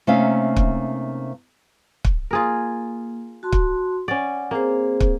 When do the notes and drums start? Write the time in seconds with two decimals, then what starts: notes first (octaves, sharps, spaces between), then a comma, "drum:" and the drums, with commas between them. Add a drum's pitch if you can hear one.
0.07 C3 A3 A#3 C#4 D#4 F5
0.56 drum: kick
2.04 drum: kick
2.31 A#3 F4 G#4 A#4
3.43 F#4 A5 C6
3.52 drum: kick
4.08 C#4 D5 F#5
4.51 A#3 C4 G#4 C5
5.00 drum: kick